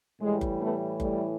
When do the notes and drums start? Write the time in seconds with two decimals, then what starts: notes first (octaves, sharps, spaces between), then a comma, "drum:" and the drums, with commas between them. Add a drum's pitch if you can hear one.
0.22 A2 E3 G3 G#3
0.41 drum: kick F#1
0.61 A3 B3
1.00 G3 A3, drum: kick F#1